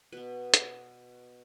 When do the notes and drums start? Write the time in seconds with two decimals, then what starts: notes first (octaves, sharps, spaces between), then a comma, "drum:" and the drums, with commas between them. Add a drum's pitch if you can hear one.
0.12 B2 B3 B4
0.54 drum: hi-hat